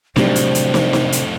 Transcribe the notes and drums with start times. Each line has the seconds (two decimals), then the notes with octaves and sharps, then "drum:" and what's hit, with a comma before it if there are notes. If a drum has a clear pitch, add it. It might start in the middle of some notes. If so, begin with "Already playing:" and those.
0.16 F2 A2 C3 F#3 G3 A3 D4 C5, drum: snare
0.35 drum: hi-hat
0.55 drum: hi-hat
0.74 drum: snare
0.93 drum: snare
1.12 drum: hi-hat